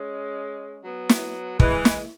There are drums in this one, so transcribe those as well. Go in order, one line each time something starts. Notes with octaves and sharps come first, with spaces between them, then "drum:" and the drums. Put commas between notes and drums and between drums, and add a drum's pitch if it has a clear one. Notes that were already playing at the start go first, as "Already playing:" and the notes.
Already playing: G#3 C#4
F#3 B3
drum: snare
E3 G#3, drum: kick
drum: snare